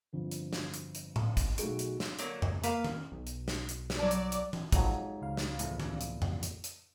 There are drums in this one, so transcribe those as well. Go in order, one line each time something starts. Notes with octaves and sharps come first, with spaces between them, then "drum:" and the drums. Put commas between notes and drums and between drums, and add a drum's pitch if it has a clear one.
G1 F2
drum: hi-hat
drum: snare
drum: hi-hat
drum: hi-hat
drum: tom A2
drum: kick, hi-hat
B1 A3 F#4 G#4 D7, drum: hi-hat
drum: hi-hat
drum: snare
D3 F#3 A#3, drum: hi-hat
drum: tom F2
A#3 B4 F5, drum: hi-hat
drum: tom
B1
drum: hi-hat
drum: snare
drum: hi-hat
drum: snare
F#3 D5 A5
drum: hi-hat
drum: hi-hat
drum: tom E3
F2 G#2 F3 F#3, drum: kick, hi-hat
C#2 F5
drum: snare
A#1 E2 A2, drum: hi-hat
drum: tom
drum: hi-hat
drum: tom F2
drum: hi-hat
drum: hi-hat